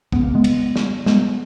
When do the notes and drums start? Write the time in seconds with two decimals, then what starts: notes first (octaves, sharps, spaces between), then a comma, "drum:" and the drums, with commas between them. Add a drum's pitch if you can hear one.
0.12 F2 C#3 B3, drum: kick
0.24 A#3
0.35 G#3 B3
0.44 drum: cymbal
0.76 drum: snare
1.06 G#3 B3, drum: snare